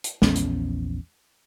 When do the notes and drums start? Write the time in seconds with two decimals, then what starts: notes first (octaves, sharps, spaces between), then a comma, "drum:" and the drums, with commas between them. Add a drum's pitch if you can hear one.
0.04 drum: hi-hat
0.22 A#1 E2 B3 C#4, drum: snare
0.35 drum: hi-hat